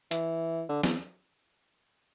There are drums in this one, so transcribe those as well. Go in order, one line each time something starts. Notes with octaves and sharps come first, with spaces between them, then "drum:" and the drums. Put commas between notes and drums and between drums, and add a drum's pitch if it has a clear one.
E3, drum: hi-hat
D3
E2, drum: snare